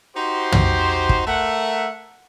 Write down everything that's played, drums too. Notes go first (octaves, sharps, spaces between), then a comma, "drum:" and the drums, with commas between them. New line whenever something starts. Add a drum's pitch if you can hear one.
D#4 F#4 G4 C5
drum: tom
drum: kick
A3 A#4 E5 F#5